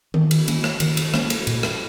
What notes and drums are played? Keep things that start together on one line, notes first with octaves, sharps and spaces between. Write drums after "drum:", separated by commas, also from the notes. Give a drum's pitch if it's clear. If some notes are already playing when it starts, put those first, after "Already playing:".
D#3, drum: tom D#3
drum: cymbal
A#3 C#4, drum: cymbal
drum: rim click
D#3, drum: cymbal
drum: cymbal
A#3 C#4, drum: rim click
drum: cymbal
A#2, drum: cymbal
drum: rim click